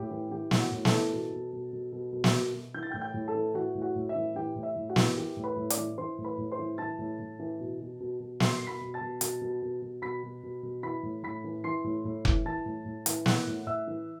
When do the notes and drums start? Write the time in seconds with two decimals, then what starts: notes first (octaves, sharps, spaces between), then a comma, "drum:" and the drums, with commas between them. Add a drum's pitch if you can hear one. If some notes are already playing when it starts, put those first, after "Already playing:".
Already playing: A2 G4 G5
0.10 E3
0.31 E3 G4 G5
0.51 A2, drum: snare
0.57 F#4 F#5
0.72 A2
0.85 A4 A5, drum: snare
0.92 E3
1.12 B2
1.33 B2
1.53 B2
1.73 B2
1.92 B2
2.13 B2
2.24 drum: snare
2.33 B2
2.54 B2
2.74 E3 G6
2.83 A6
2.91 A2 G5 G6
3.01 G5 G6
3.14 A2
3.28 A4 A5
3.35 E3
3.54 E3 F#4 F#5
3.75 A2
3.82 F#4 F#5
3.96 A2
4.09 E5
4.15 E3
4.36 E3 G4 G5
4.56 A2
4.63 E5
4.76 A2
4.89 F#4 F#5
4.96 E3, drum: snare
5.16 E3 G4 G5
5.37 A2
5.44 B4 B5
5.57 A2
5.70 D5 D6, drum: hi-hat
5.77 E3
5.98 E3 C5 C6
6.19 A2
6.24 B4 B5
6.38 A2
6.52 C5 C6
6.59 E3
6.78 E3 A5 A6
6.99 A2
7.20 A2
7.39 E3
7.60 B2
7.80 B2
8.00 B2
8.20 B2
8.40 B2 C6 C7, drum: snare
8.57 B2 C7
8.67 B5 B6
8.81 B2
8.94 A5 A6
9.01 B2
9.21 B2, drum: hi-hat
9.41 B2
9.62 B2
9.82 B2
10.02 B2 B5 B6
10.23 B2
10.43 B2
10.63 B2
10.83 E3 B5 B6
11.03 A2
11.23 A2 B5 B6
11.44 E3
11.64 E3 C6 C7
11.84 A2
12.05 A2
12.25 E3, drum: kick F1
12.45 E3 A5 A6
12.66 A2
12.86 A2
13.06 E3, drum: hi-hat
13.26 E3 F#5 F#6, drum: snare
13.47 A2
13.67 A2 E5 E6
13.87 E3